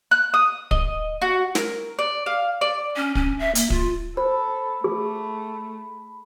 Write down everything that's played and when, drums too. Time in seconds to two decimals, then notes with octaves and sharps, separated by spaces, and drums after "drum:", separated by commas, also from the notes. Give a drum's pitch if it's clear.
0.11 F#6
0.34 D#6
0.71 D#5, drum: kick
1.22 F#4
1.55 A#4, drum: snare
1.99 D5
2.26 F5
2.61 D5
2.97 C#4
3.15 C#4, drum: kick
3.39 E5
3.55 A#3, drum: hi-hat
3.70 F4, drum: kick
4.17 A4 C5 B5
4.84 A3 G#4